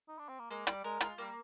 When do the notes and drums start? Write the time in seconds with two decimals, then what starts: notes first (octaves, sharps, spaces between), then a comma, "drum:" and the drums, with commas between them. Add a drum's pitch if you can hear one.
0.09 D#4
0.19 D4
0.29 C4
0.39 A#3
0.50 G#3 A#3
0.67 G3 D5, drum: hi-hat
0.84 G#3 A#4
1.01 G#3 F4, drum: hi-hat
1.18 G3 A#3